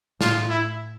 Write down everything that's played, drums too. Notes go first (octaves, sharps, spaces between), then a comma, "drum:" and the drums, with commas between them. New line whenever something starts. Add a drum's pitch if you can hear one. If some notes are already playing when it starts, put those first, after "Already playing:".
A2 F4, drum: snare
E4